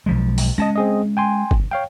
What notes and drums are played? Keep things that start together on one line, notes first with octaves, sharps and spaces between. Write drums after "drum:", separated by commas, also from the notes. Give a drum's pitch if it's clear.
B1 F3 G#3
drum: open hi-hat
G#3 C#4 D#5 A5 A#6
C4 G#4 D#5
G5 G#5 C6
drum: kick G1
C#5 F5 G5